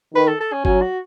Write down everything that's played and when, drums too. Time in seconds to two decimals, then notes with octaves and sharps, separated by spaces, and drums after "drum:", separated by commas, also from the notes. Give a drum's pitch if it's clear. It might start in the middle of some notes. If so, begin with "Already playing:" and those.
0.14 D#3 B4
0.28 A4
0.40 A4
0.53 C#4
0.65 F#3 C#4, drum: kick G1
0.81 F#4